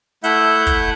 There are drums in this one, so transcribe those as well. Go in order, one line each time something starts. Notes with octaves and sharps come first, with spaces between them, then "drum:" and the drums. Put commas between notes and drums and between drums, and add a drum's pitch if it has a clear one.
A3 E4 E5 F#5 G6, drum: hi-hat
drum: kick, hi-hat